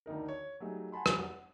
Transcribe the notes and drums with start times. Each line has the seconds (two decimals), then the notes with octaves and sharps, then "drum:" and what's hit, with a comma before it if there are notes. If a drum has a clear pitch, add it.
0.06 D2 D#3 D#4 A#4
0.28 C#5
0.60 F#3 G3 A3 D#4 G#4
0.92 F#5 G#5 A5 B5 C6
1.06 F1 F#3 A#4 G#5, drum: rim click
1.19 F#5